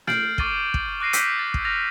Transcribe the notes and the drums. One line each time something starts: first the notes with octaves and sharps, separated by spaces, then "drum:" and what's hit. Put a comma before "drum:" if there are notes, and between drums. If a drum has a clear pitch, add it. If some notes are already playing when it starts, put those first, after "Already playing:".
F6 G6 A6 C7 D7 F#7, drum: snare
C#6 D6 A6 D#7 G7, drum: kick
drum: kick
D6 F#6 A#6 C7 D#7
D6 E6 G6 B6 C#7, drum: hi-hat
A6
drum: kick
F6 A6 A#6 F7